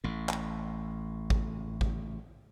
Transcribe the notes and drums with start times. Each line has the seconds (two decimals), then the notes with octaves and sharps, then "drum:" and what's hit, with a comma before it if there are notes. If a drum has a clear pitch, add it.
0.04 A1 A2
0.29 drum: clap
1.30 drum: kick
1.81 drum: kick